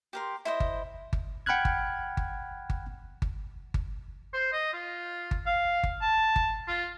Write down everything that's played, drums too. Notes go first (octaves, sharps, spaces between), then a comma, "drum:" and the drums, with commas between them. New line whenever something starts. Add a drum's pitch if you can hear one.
G4 A#4 C6
E4 C5 D#5
drum: kick G1
drum: kick G1
F#5 G5 B5 F6 F#6 G#6
drum: kick G1
drum: kick G1
drum: kick G1
drum: kick G1
drum: kick G1
C5
D#5
F4
drum: kick G1
F5
drum: kick G1
A5
drum: kick G1
F4